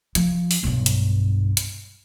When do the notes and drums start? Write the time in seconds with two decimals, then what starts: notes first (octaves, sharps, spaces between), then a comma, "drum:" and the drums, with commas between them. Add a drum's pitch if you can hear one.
0.15 F3, drum: hi-hat
0.51 drum: open hi-hat
0.63 B1 G2
0.86 drum: hi-hat
1.57 drum: hi-hat